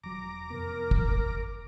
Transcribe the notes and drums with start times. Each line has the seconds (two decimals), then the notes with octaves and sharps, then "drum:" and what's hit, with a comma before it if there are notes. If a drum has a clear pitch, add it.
0.04 E1 F#3 A#5 D6
0.50 F2 C3 B3 A#4
0.91 drum: kick